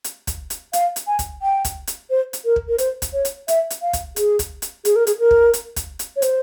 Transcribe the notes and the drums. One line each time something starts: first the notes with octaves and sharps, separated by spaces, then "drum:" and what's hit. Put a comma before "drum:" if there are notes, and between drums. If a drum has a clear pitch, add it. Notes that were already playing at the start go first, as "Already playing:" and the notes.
drum: hi-hat
drum: kick, hi-hat
drum: hi-hat
F5, drum: hi-hat
drum: hi-hat
G#5
drum: kick, hi-hat
G5
drum: kick, hi-hat
drum: hi-hat
C5
drum: hi-hat
A#4
drum: kick
A#4
C5, drum: hi-hat
drum: kick, hi-hat
C#5
drum: hi-hat
E5, drum: hi-hat
drum: hi-hat
F5
drum: kick, hi-hat
G#4, drum: hi-hat
drum: kick, hi-hat
drum: hi-hat
G#4, drum: hi-hat
A#4
G#4, drum: hi-hat
A#4
drum: kick
drum: hi-hat
drum: kick, hi-hat
drum: hi-hat
C#5
C5, drum: hi-hat